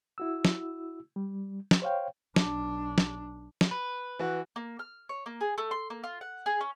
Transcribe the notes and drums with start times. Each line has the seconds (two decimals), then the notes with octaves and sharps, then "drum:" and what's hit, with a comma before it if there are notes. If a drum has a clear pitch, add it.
0.18 E4 F#4 E6
0.45 drum: snare
1.16 G3
1.71 drum: snare
1.82 C5 C#5 F5 G5
2.36 B1 D4, drum: snare
2.98 drum: snare
3.61 drum: snare
3.71 B4
4.19 E3 F#4
4.56 A#3
4.79 F6
5.09 C#5
5.26 A#3
5.41 G#4
5.58 A3
5.71 C6
5.90 A#3
6.04 F4
6.21 F#5
6.46 G#4
6.61 C#4